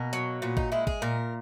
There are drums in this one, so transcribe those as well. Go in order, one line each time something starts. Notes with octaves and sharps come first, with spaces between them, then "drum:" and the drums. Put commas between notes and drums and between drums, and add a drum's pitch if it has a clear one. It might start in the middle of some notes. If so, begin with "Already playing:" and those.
Already playing: B2 A#3
F#3, drum: hi-hat
A#2 B3
D#4, drum: kick G#1
G#3 E4
G#4, drum: kick G#1
A#2 A#4